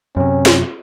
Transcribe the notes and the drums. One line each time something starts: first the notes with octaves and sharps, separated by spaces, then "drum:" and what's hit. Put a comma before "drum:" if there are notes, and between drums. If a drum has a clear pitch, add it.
F#2 C3 C#4
drum: snare